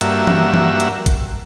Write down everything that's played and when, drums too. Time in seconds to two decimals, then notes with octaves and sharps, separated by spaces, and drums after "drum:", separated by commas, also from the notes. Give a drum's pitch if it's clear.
0.01 G2 A#3 F#4 E5, drum: hi-hat
0.27 drum: tom E3
0.54 drum: tom E3
0.80 drum: hi-hat
1.06 drum: kick A1, hi-hat